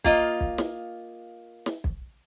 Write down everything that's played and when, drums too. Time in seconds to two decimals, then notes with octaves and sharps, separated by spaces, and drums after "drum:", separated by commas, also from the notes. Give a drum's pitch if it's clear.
0.04 A#3 F4 D#5, drum: kick B1
0.40 drum: kick B1
0.58 drum: snare
1.66 drum: snare
1.84 drum: kick B1